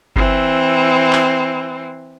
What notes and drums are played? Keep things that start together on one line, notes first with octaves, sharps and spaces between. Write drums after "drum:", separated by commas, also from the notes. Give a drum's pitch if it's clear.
E3 C4, drum: kick G1
drum: clap